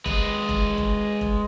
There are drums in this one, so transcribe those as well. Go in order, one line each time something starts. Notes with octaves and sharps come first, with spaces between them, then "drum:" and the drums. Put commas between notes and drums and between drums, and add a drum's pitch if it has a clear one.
G#3 B4, drum: kick F1
drum: kick F1
drum: kick F1
drum: kick F1